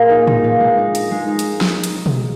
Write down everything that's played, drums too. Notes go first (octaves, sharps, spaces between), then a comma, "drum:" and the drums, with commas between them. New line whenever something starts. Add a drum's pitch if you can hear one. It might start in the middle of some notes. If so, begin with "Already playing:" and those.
Already playing: A#2 G#4
D#4
D#4, drum: tom A2
A#2
G#3
D#4
D#4, drum: hi-hat
G#3
D#4
drum: hi-hat
drum: snare
drum: hi-hat
drum: tom B2